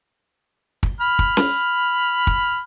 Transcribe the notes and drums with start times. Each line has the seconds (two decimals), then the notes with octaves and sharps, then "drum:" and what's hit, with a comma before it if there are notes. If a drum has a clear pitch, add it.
0.83 drum: kick
1.01 B5 F6
1.19 drum: kick
1.37 drum: snare C#4
2.27 drum: kick